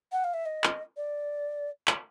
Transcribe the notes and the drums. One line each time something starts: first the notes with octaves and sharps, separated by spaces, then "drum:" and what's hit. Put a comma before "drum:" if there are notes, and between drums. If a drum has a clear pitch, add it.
F#5
F5
E5
D#5
drum: clap
D5
drum: clap